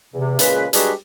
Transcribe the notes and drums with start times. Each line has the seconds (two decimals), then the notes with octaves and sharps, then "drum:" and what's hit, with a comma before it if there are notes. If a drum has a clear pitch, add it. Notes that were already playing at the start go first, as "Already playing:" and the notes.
0.13 E2 C3
0.39 A#2 C#3 G#3 B4, drum: hi-hat
0.73 G3 G#3 D4 F#4 G#4 B4, drum: hi-hat